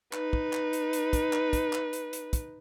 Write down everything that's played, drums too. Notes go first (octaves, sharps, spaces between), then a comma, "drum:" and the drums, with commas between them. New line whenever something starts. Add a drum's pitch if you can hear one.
D#4 B4, drum: clap
drum: kick
drum: clap
drum: hi-hat
drum: hi-hat
drum: kick, hi-hat
drum: clap
drum: kick, hi-hat
drum: clap
drum: hi-hat
drum: hi-hat
drum: kick, hi-hat